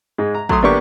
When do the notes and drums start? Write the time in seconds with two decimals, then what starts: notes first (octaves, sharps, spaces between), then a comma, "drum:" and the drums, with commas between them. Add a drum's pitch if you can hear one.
0.18 G#2 G#3
0.35 A#5
0.49 F#3 A3 C6 D#6, drum: kick
0.63 D3 A#3 B3 D4 G4 C#6